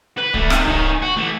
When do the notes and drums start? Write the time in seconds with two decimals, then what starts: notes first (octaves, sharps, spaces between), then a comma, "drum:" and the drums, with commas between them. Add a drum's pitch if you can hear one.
0.18 B4
0.34 D3 A3, drum: kick D1
0.50 C3 D#3, drum: rim click
0.67 D#3 C#4, drum: kick D1
1.02 F#4
1.16 E3 A3